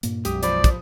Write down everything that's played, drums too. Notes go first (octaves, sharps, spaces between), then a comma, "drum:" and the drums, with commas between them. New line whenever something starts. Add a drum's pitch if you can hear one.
G2 A#2 A#3, drum: hi-hat
B1 F#2 G#3 G4 D#6, drum: hi-hat
F3 C5 D5 B5, drum: hi-hat
drum: kick, hi-hat